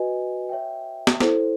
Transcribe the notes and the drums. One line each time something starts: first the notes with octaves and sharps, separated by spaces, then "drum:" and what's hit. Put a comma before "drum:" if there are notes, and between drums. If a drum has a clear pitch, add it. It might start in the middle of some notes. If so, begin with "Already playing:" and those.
Already playing: F#4 B4 D#5 G#5
C#5 E5 G5
drum: snare
E4 A4 C5, drum: snare